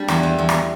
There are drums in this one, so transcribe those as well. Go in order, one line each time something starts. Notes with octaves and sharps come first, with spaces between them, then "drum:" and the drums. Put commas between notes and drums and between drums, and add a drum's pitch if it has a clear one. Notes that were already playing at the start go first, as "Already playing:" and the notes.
Already playing: G3 D4
E2, drum: rim click
E3
E2
drum: rim click